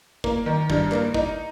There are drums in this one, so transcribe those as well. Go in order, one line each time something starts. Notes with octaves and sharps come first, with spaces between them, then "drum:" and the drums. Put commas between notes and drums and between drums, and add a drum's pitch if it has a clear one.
A#3, drum: kick
D#3
G2, drum: kick
A#3, drum: clap
D#4, drum: kick